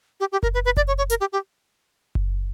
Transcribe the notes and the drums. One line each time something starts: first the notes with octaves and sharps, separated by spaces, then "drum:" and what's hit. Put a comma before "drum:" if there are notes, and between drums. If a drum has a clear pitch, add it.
G4
G4
A#4, drum: kick F#1
B4
B4
D5, drum: kick F#1
C#5
C#5
A#4, drum: hi-hat
G4
G4
drum: kick F#1